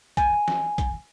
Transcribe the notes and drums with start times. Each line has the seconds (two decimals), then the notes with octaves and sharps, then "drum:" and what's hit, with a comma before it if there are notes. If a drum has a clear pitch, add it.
0.17 G#5, drum: kick, hi-hat
0.48 drum: snare
0.78 drum: kick, hi-hat